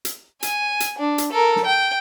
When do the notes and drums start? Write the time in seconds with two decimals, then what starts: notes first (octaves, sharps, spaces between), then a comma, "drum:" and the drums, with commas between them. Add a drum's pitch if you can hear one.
0.05 drum: hi-hat
0.43 G#5, drum: hi-hat
0.80 drum: hi-hat
0.98 D4
1.18 drum: hi-hat
1.32 A4 A#4
1.56 drum: snare
1.65 G5